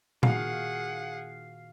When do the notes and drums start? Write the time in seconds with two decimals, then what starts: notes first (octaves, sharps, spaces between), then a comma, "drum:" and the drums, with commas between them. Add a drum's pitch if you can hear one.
0.23 A#2 D#3 F#4 G#4 F5 F#5, drum: tom A#2